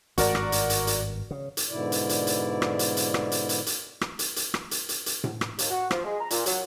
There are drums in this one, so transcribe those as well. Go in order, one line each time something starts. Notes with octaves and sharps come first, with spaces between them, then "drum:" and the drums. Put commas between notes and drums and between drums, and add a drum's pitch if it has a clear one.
G#1 G2 F#4 A#4 D5, drum: hi-hat
drum: rim click
drum: hi-hat
drum: hi-hat
drum: hi-hat
C#3
drum: hi-hat
G#2 B2 D3 E4 D5
drum: hi-hat
drum: hi-hat
drum: hi-hat
drum: rim click
drum: hi-hat
drum: hi-hat
drum: rim click
drum: hi-hat
drum: hi-hat
drum: hi-hat
drum: rim click
drum: hi-hat
drum: hi-hat
drum: rim click
drum: hi-hat
drum: hi-hat
drum: hi-hat
drum: tom A2
drum: rim click
D#2, drum: hi-hat
F#4
F3, drum: rim click
G#3
A#5
A#2, drum: hi-hat
F#3, drum: hi-hat